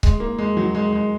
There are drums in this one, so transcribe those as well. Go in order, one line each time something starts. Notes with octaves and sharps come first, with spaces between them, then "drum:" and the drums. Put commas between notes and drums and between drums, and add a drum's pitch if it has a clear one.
G#3, drum: kick C#1
A#3
G#3
F#3
G#3
G#3